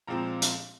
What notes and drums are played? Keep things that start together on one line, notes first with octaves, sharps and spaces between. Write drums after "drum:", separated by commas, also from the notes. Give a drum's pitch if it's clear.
A#2 F3 G#3 C4 A#5
drum: hi-hat